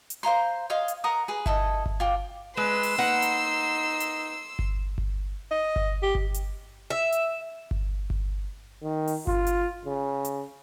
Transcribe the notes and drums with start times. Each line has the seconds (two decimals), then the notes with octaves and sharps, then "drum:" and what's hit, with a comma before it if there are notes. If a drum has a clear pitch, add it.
0.10 drum: hi-hat
0.23 C5 F5 A#5 C6
0.70 C#5 D#5 F5 C6
0.88 drum: hi-hat
1.04 A#4 F#5 A#5 D#6
1.28 G#4 B4
1.46 E4 A4 D#5, drum: kick G1
1.86 drum: kick G1
2.00 F4 G5 D6
2.57 G#3 B4 C6 E6
2.83 drum: open hi-hat
2.98 A#3 D#4 B4 F#5
3.22 drum: hi-hat
4.00 drum: hi-hat
4.59 drum: kick G1
4.98 drum: kick G1
5.51 D#5
5.76 drum: kick G1
6.03 G4
6.15 drum: kick G1
6.34 drum: hi-hat
6.90 E5
7.12 drum: hi-hat
7.71 drum: kick G1
8.10 drum: kick G1
8.83 D#3
9.08 drum: open hi-hat
9.27 F4, drum: kick G1
9.47 drum: hi-hat
9.86 C#3
10.25 drum: hi-hat